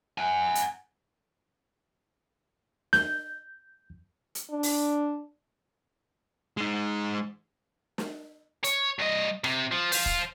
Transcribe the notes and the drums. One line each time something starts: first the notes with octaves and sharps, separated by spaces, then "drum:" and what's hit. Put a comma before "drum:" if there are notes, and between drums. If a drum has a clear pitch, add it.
F#5 G#5
drum: hi-hat
G6, drum: snare
drum: hi-hat
D4
drum: open hi-hat
G#3 D#4
drum: snare
C#5, drum: hi-hat
G2 D#5
C3, drum: rim click
F3
C5 F5, drum: open hi-hat
drum: kick